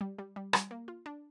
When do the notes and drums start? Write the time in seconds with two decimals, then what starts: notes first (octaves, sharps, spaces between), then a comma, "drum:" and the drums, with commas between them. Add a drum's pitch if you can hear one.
0.01 G3
0.19 G3
0.36 G3
0.53 G3, drum: rim click
0.71 A#3
0.88 F4
1.06 D4